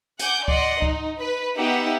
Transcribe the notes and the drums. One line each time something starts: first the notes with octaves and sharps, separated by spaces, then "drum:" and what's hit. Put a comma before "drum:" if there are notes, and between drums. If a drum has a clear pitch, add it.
F#5 G#5 D6 G6, drum: hi-hat
D5 D#5 F#5 C6, drum: kick C#2
D#4, drum: kick C#2
B4
B3 D#4 G4 E5 F#5